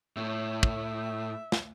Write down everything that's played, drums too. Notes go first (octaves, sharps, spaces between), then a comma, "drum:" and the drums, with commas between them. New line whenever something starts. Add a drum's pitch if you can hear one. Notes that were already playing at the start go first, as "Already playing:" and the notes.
A2 E5
drum: kick
drum: snare